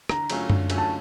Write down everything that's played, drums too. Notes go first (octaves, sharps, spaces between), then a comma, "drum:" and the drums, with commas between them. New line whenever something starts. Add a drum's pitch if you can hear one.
D3 A#5, drum: rim click
F#3 A3 C#4 F4, drum: cymbal
D3, drum: tom F#2
F#3 A3 C#4 F4, drum: cymbal
A5